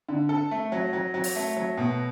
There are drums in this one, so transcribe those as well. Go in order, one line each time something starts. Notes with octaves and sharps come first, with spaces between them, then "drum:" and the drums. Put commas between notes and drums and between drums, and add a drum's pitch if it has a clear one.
D3
A4
A3
F#3
F#3
F#3
drum: open hi-hat
A3
F#3
B2